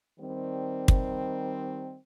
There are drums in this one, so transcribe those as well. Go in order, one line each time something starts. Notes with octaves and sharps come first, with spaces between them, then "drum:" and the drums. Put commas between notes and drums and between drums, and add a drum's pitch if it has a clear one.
D#3 G3 C4
drum: kick